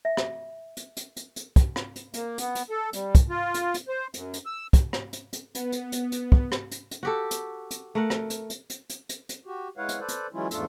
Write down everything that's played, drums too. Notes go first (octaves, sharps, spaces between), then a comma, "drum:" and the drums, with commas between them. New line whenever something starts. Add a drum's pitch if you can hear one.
E5
drum: rim click
drum: hi-hat
drum: hi-hat
drum: hi-hat
drum: hi-hat
drum: kick, hi-hat
drum: rim click
drum: hi-hat
A#3, drum: hi-hat
B3, drum: hi-hat
drum: hi-hat
A4
G3, drum: hi-hat
drum: kick, hi-hat
F4
drum: hi-hat
drum: hi-hat
C5
F#2, drum: hi-hat
drum: hi-hat
E6
drum: kick, hi-hat
drum: rim click
drum: hi-hat
drum: hi-hat
B3, drum: hi-hat
drum: hi-hat
drum: hi-hat
drum: hi-hat
drum: kick
drum: rim click
drum: hi-hat
drum: hi-hat
F#4 G4 A4
drum: hi-hat
drum: hi-hat
A3 A#4 F#5
drum: rim click
drum: hi-hat
drum: hi-hat
drum: hi-hat
drum: hi-hat
drum: hi-hat
drum: hi-hat
F#4 G4
G#3 E4 B4 C#5 F5 F#5
drum: hi-hat
A4 B4 C5 D5
drum: hi-hat
E3 F#3 G#3 C#4 E4 F4
E2 G#2 A3 D4 F4 A4, drum: hi-hat